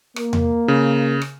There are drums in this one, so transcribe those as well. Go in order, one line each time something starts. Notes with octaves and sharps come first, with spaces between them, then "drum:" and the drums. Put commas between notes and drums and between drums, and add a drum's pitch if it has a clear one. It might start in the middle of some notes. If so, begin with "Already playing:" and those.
A#3, drum: rim click
drum: tom E2
C#3
drum: rim click